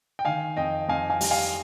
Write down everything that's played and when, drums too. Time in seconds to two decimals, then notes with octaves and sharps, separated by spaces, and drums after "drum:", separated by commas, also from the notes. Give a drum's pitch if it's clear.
0.19 G5
0.25 D#3 F5 G#5
0.57 F2 D#5 G5
0.88 F2 F5 G#5
1.10 F5 G#5
1.21 G3, drum: open hi-hat
1.31 F5 G#5